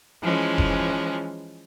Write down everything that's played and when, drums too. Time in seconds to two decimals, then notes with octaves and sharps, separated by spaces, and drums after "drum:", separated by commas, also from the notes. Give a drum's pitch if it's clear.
0.23 E3 F3 G#3 C#4
0.58 drum: kick F1